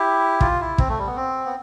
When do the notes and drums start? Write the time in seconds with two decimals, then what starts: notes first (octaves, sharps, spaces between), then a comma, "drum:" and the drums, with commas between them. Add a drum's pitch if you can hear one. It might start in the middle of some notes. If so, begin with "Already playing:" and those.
Already playing: E4 G4
0.41 F4, drum: kick
0.60 E4
0.78 C4, drum: kick
0.89 A3
0.98 G3
1.07 B3
1.16 C4
1.46 B3